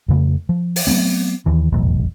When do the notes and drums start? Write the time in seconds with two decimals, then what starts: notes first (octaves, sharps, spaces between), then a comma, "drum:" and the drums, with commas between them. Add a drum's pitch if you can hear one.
0.08 F2 C#3 A3
0.49 F3
0.76 drum: open hi-hat
0.87 F#3 A3 B3 C4
1.46 D#2 E3
1.72 F1 B1 E2 A2